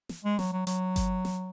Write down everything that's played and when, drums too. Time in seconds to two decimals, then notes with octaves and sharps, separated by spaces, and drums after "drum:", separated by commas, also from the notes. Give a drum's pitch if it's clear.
0.09 drum: snare
0.24 G#3
0.39 F#3, drum: snare
0.52 F#3
0.67 F#3, drum: hi-hat
0.96 drum: kick G1, hi-hat
1.25 drum: snare